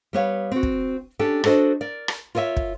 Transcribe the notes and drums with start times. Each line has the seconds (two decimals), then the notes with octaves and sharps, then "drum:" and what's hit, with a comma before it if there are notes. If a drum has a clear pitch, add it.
0.13 G3 B3 C#5 F5
0.52 C4 F#4
0.63 drum: kick
1.19 C#4 D4 G4 A4
1.44 D4 F#4 A4 C5 D#5, drum: rim click
1.81 A#4 D5
2.08 drum: rim click
2.35 F4 A#4 C#5 D#5 E5
2.57 drum: kick